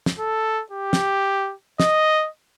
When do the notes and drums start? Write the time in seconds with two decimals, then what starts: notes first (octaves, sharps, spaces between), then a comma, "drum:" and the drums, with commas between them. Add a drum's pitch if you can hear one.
0.06 drum: snare
0.19 A4
0.71 G4
0.93 drum: snare
1.80 D#5, drum: snare